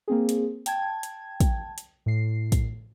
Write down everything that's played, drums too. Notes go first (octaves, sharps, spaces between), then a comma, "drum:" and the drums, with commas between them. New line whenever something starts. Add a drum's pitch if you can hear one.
A#3 C4 G#4
drum: hi-hat
G5 A5 G#6, drum: hi-hat
drum: hi-hat
drum: kick, hi-hat
drum: hi-hat
A2 C7
drum: kick, hi-hat